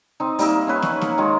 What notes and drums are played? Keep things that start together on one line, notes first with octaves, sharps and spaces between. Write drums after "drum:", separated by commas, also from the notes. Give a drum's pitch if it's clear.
C4 D#4
G3 A#3 D#4 E5, drum: open hi-hat
A#3 C#4 B4 C#5
C#4, drum: snare
A#4 F#5, drum: snare
D#3 G#3 A#3